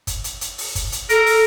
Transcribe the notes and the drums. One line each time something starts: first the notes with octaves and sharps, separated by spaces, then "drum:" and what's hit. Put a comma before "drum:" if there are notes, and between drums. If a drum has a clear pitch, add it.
drum: kick F#1, hi-hat
drum: hi-hat
drum: hi-hat
drum: open hi-hat
drum: kick F#1, hi-hat
drum: hi-hat
A4 A#4, drum: hi-hat
drum: open hi-hat